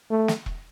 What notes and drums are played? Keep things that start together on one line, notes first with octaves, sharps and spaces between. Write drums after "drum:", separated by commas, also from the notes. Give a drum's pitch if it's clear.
A3
drum: snare
drum: kick E1